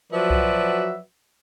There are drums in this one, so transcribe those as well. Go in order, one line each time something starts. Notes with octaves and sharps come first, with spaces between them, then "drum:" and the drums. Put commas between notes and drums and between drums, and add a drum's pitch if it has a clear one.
F3 F#3 F#4 B4 D5 E5
drum: kick C2